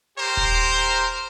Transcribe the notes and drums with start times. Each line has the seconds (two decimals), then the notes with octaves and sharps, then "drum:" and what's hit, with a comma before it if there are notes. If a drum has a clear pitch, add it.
0.18 G4 A#4 C5
0.37 drum: kick D#1